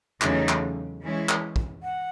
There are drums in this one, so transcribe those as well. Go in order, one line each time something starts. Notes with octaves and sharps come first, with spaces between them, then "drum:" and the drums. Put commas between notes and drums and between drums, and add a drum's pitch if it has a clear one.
E2 C#3 F#3 A3 D#4, drum: clap
drum: clap
E3 G#3 C#4 E4
drum: clap
drum: kick
F#5